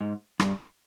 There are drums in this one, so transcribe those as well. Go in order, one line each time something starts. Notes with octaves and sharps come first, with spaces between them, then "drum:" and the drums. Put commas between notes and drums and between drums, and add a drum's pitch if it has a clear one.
G#2
G2, drum: rim click